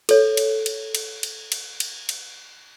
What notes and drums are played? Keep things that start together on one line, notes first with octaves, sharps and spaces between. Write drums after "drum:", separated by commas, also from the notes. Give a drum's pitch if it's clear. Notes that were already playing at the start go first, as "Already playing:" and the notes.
A4 C#5, drum: cymbal
drum: cymbal
drum: cymbal
drum: cymbal
drum: cymbal
drum: cymbal
drum: cymbal
drum: cymbal